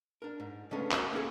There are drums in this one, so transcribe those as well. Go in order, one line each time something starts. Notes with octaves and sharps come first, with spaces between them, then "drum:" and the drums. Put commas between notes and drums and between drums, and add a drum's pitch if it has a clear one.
D4 A#4
G#2
C#3 G#3 A3 B3 C#4 D4
F#4 A#4 E5, drum: clap
A#3 C#4 D4 G#4 A4